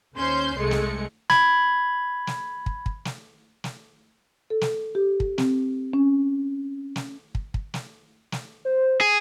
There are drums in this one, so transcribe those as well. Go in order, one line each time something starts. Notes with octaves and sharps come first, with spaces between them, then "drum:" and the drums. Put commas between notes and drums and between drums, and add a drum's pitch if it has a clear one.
D#2 C#4 C5 C6 G6
C2 G#3 A3 C#7
drum: snare
B5 G#6, drum: snare
drum: snare
drum: kick
drum: kick
drum: snare
drum: snare
A4
drum: snare
G4
drum: kick
C4, drum: snare
C#4
drum: snare
drum: kick
drum: kick
drum: snare
drum: snare
C5
G#4